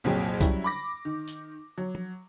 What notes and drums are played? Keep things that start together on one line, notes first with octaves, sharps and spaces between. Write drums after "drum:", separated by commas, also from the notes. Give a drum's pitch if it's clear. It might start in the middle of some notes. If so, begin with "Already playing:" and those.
C2 F2 A#2 F#3 G#4 G5
F#3 G3 C#4 E4, drum: kick C2, tambourine
B5 D6 A#6
D#3
drum: tambourine
F#3
drum: tom F3